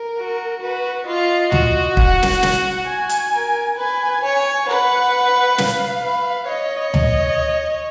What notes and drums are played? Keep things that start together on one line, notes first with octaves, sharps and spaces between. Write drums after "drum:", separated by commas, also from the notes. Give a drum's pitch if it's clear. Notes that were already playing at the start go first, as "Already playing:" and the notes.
Already playing: A#4
F#4
F#4 B4
F4 D#5
F#4, drum: tom D2
F#5, drum: kick
drum: snare
F#5, drum: snare
G#5
drum: hi-hat
A#4
B4 G#5
C#5
B4 F#5
F5, drum: snare
B4
C#5 D#5
D#5, drum: tom D2